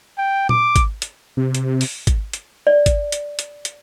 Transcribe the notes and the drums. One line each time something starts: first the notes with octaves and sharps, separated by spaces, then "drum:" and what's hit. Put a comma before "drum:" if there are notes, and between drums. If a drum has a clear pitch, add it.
G5
D6, drum: tom
drum: kick G#1, hi-hat
drum: hi-hat
C3
drum: hi-hat
drum: open hi-hat
drum: kick G#1, hi-hat
drum: hi-hat
D5
drum: kick G#1, hi-hat
drum: hi-hat
drum: hi-hat
drum: hi-hat